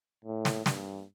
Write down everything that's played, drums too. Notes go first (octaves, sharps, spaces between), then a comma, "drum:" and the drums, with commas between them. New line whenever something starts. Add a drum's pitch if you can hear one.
A2
drum: snare
G2, drum: snare